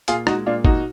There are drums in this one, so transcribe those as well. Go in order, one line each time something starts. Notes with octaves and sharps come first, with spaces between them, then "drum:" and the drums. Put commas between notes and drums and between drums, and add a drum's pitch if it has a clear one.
A#2 F4 G#4, drum: hi-hat
G#3 D#4 F#4, drum: rim click
A#2 D4 F4
A#2 D#4 F#4, drum: kick G1